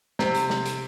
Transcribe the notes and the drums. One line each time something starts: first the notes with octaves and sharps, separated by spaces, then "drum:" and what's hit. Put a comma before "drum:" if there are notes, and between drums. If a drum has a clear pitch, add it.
C3, drum: snare
drum: hi-hat
drum: snare
drum: hi-hat